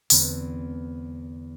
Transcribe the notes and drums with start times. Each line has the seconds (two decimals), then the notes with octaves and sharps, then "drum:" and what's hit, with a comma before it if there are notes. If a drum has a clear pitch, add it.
0.10 E2 D3 G#3 B3 C4, drum: open hi-hat